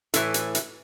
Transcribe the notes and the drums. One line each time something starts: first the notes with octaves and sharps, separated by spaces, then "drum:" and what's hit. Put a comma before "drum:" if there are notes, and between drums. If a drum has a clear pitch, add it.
A2 E3, drum: hi-hat
drum: hi-hat
drum: hi-hat